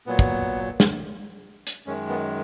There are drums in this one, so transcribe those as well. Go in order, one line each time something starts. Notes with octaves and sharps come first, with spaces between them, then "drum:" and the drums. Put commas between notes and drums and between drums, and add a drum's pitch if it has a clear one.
A#2 F#3 B3
drum: kick
drum: snare
drum: hi-hat
F#2 D#3 G#3 C#4
B3